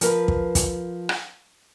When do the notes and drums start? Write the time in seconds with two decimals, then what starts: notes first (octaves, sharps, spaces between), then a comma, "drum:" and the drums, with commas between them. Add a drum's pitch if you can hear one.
0.01 F3 A#4 B4, drum: hi-hat
0.28 drum: kick
0.55 drum: kick, hi-hat
1.09 drum: rim click